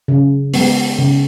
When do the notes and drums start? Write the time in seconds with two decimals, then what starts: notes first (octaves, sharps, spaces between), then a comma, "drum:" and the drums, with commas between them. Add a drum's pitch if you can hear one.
0.08 C#3
0.54 G#3 B3, drum: open hi-hat
0.99 C#3